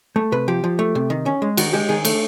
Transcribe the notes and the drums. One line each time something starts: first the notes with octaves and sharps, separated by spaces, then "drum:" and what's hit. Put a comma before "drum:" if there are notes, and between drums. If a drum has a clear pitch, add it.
A3
C3 B4
F3 G4
F3
A3
C3
D#3
C#4
G#3
D#3 F#4, drum: cymbal
G#3 G4
D#3 G#4
A3, drum: cymbal